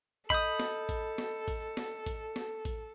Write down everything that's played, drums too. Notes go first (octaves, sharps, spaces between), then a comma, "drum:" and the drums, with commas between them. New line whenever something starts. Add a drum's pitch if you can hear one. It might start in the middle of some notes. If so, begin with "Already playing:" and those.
A4 D#5 B5 D#6 G6, drum: kick A1, hi-hat
drum: snare
drum: kick A1, hi-hat
drum: snare
drum: kick A1, hi-hat
drum: snare
drum: kick A1, hi-hat
drum: snare
drum: kick A1, hi-hat